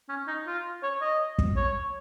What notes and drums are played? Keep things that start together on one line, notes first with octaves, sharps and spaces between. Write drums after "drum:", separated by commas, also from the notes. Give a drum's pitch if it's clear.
C#4
D#4
F4
C#5
D#5
drum: kick
C#5